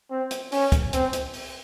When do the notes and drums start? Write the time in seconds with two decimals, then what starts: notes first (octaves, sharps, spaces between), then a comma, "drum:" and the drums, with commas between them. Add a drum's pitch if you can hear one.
0.11 C4
0.31 drum: hi-hat
0.52 C#4, drum: open hi-hat
0.72 drum: kick, hi-hat
0.93 C4, drum: hi-hat
1.13 drum: hi-hat
1.34 drum: open hi-hat